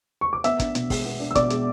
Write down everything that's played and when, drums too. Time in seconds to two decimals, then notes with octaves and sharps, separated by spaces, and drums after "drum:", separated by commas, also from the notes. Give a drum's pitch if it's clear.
0.21 C#6
0.33 D6
0.44 B3 E5 E6, drum: hi-hat
0.59 D4, drum: kick, hi-hat
0.75 B2, drum: hi-hat
0.90 G#3, drum: kick, open hi-hat
1.05 B3
1.20 D4
1.31 E6
1.35 B2 D5 D6, drum: kick, hi-hat
1.50 G#3, drum: hi-hat